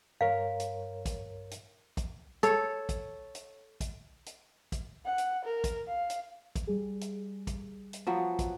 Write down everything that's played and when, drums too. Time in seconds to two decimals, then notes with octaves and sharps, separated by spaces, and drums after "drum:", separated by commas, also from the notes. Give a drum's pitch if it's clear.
0.21 G2 A#4 C#5 F5
0.60 drum: hi-hat
1.06 drum: kick, hi-hat
1.51 drum: hi-hat
1.97 drum: kick, hi-hat
2.43 A4 C#5, drum: hi-hat
2.89 drum: kick, hi-hat
3.35 drum: hi-hat
3.81 drum: kick, hi-hat
4.26 drum: hi-hat
4.72 drum: kick, hi-hat
5.05 F#5
5.18 drum: hi-hat
5.45 A#4
5.64 drum: kick, hi-hat
5.87 F5
6.10 drum: hi-hat
6.56 drum: kick, hi-hat
6.67 G3 G#4
7.01 drum: hi-hat
7.47 drum: kick, hi-hat
7.93 drum: hi-hat
8.07 F3 F#3 B3
8.39 drum: kick, hi-hat